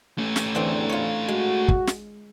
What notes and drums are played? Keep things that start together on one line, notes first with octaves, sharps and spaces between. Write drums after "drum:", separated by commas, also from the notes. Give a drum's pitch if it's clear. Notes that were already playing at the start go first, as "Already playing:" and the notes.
A3 C#4
drum: snare
E2 D3 E3 C4
F4 C#5
G#3 F#4
drum: kick
drum: snare